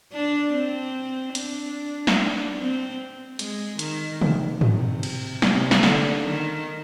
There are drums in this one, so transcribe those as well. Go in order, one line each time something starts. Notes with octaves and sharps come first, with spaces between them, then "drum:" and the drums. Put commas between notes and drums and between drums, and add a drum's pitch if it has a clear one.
D4
C4
D4, drum: hi-hat
drum: snare
C4
G#3, drum: hi-hat
D#3, drum: hi-hat
drum: tom
C3, drum: tom
drum: cymbal
C3, drum: snare
drum: snare
D3, drum: snare
D#3